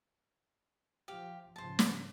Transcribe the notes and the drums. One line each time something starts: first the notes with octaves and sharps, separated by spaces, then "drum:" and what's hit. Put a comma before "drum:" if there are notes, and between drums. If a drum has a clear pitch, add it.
F3 G4 F5
G#2 C#3 F3 C5 A5
drum: snare